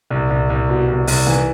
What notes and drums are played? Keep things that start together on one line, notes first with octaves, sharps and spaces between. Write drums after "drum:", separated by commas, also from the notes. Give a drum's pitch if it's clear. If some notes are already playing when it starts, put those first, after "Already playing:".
C2
C2
C2
B2
C2
C2, drum: open hi-hat
E3